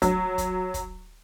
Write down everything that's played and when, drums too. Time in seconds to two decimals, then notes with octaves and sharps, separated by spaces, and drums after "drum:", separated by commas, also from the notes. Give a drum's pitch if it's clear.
0.02 F#3, drum: kick, hi-hat
0.38 drum: kick, hi-hat
0.74 drum: kick, hi-hat